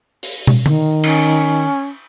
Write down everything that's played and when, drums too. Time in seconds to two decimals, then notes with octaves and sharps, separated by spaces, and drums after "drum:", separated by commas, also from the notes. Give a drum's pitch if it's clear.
0.23 drum: open hi-hat
0.47 drum: tom
0.66 D#3, drum: tom D3
1.03 C#4, drum: cymbal